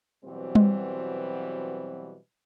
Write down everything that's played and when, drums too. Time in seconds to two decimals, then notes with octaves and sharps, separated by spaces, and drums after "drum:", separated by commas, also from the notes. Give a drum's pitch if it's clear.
0.25 B2 E3 F#3 G3 C4
0.55 drum: tom G3